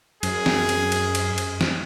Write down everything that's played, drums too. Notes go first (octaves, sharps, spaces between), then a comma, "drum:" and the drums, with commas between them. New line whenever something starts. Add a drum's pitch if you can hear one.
F#2 G#4, drum: cymbal
drum: snare
drum: cymbal
drum: cymbal
drum: cymbal
drum: cymbal
drum: snare